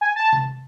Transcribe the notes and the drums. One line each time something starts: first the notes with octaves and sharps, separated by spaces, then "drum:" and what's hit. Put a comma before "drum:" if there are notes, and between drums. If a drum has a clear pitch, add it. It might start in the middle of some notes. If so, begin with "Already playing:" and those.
G#5
A5
drum: tom C3